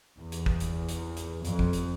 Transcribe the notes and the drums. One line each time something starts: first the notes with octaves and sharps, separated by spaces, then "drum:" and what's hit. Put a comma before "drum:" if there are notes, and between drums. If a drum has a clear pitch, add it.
E2
drum: hi-hat
drum: kick
drum: hi-hat
drum: hi-hat
drum: hi-hat
F2, drum: hi-hat
drum: kick
drum: hi-hat